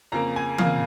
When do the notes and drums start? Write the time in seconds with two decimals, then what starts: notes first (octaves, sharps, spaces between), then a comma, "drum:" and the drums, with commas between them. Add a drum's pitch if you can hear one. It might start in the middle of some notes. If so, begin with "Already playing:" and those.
0.12 F2 C#3 A#3 A#5
0.36 G#5
0.58 F2 C#3 A#3 F5, drum: tom E3